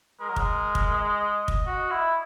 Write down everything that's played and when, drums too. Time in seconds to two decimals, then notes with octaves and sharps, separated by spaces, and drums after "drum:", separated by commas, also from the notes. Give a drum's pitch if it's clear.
0.20 G#3 A#4
0.29 F#3
0.36 G#3, drum: kick
0.75 drum: kick
0.93 D#5
1.48 drum: kick
1.67 F#4
1.91 E4